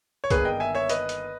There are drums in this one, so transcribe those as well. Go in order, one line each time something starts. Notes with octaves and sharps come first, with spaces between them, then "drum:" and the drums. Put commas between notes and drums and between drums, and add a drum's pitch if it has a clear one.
C#5
G1 G2 D#3 A#3 G#4 B4, drum: kick, hi-hat
D#5 G5
E5 G#5
C#5 E5
B4 D#5, drum: hi-hat
drum: hi-hat